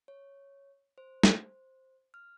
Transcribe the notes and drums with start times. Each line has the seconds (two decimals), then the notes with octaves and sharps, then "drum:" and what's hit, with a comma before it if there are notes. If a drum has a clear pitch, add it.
0.08 C#5
0.98 C5
1.23 drum: snare
2.14 F6